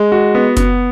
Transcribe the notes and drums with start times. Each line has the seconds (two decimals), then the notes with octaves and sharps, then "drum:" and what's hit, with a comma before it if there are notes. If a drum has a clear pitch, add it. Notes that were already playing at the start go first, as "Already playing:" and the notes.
Already playing: G#3
0.12 F#4
0.35 B3
0.57 B3, drum: kick F#1, hi-hat